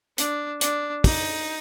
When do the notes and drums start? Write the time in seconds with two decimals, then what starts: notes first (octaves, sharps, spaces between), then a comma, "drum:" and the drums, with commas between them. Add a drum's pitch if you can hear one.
0.18 D4, drum: hi-hat
0.61 D4, drum: hi-hat
1.04 D#4, drum: kick, open hi-hat